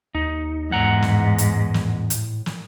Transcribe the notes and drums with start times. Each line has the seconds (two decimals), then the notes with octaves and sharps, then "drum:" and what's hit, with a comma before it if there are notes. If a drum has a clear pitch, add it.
0.15 D#2 D#4
0.71 E2 G#2 F#5 A#5
1.02 A2, drum: snare
1.38 drum: hi-hat
1.74 drum: snare
2.10 drum: hi-hat
2.46 drum: snare